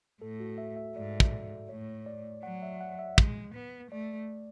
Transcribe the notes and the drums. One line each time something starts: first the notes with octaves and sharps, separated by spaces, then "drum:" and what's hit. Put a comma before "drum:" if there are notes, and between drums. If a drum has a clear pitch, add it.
A2 A4
F#4
E5
E5
G#2 D5
drum: kick
A2 C#5
D5
F#3 F#5
E5
F#5
E5
G#3, drum: kick
B3
A3 D5